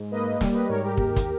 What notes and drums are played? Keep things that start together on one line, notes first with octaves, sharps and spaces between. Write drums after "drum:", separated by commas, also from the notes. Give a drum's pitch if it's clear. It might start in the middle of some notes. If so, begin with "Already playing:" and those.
Already playing: G#2
A#3 B4 D#5
G3, drum: snare
B4 D#5
G#2 A#4 C#5
G4 A#4
D#2, drum: kick
drum: kick, hi-hat